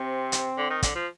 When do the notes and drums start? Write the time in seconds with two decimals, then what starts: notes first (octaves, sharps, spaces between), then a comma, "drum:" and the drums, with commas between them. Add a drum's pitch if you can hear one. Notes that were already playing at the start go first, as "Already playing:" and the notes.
Already playing: C3 C4
0.32 drum: hi-hat
0.57 D3
0.70 D#3
0.83 D3, drum: kick, hi-hat
0.95 F3